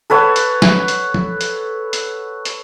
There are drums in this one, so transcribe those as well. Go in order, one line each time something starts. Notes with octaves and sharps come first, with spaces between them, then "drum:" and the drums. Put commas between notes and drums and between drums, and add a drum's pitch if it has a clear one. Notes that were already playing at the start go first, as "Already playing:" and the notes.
A4 B4 C#5 F#5
drum: hi-hat
drum: snare
drum: hi-hat
drum: tom
drum: hi-hat
drum: hi-hat
drum: hi-hat